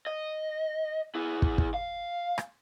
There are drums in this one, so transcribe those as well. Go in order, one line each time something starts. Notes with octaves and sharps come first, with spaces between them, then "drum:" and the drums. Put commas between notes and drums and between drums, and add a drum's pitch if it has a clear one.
D#5
E4 G#4
drum: kick
drum: kick
F5
drum: rim click